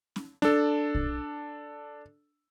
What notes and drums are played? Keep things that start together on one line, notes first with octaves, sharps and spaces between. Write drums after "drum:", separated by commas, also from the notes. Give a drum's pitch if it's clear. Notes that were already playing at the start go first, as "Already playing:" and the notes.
drum: snare C#4
D4 A4, drum: snare C#4
drum: kick